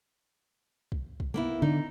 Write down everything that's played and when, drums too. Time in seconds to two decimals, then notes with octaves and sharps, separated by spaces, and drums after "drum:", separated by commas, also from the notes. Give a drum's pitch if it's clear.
0.92 drum: kick
1.20 drum: kick
1.34 A#3 B3 E4, drum: tom C3
1.62 D3 D#4